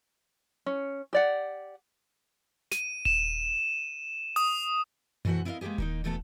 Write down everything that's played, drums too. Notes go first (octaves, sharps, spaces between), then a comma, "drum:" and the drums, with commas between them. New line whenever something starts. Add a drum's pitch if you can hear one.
C#4
G4 D5 F#5
D#7, drum: snare
E7, drum: kick D#1
D#6, drum: open hi-hat
B2 E3 A3 F#4 C5 F#5, drum: tom F#2
B3 E4 A#4 B4 D#5 F5
G#3 A#3 B3 G4 G#4
D#3 A#3 D#4, drum: kick D#1
E2 B2 A3 B3 E4 A4